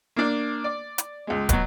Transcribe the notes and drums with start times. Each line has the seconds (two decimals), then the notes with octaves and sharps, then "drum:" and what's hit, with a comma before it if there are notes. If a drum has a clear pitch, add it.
0.16 A#3 D4
0.64 D5
0.98 drum: hi-hat
1.27 C#2 G#3
1.49 B2 F#3, drum: kick, hi-hat